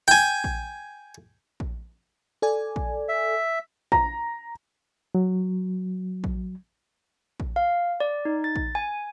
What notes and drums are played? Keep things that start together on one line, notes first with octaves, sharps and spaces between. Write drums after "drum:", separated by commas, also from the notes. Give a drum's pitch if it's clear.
G5 G#5
drum: kick A#1
drum: kick A#1
A4 D5 G#5
drum: kick A#1
E5
A#5, drum: kick A#1
F#3
drum: kick A#1
drum: kick A#1
F5
D5
D#4
A6
drum: kick A#1
G#5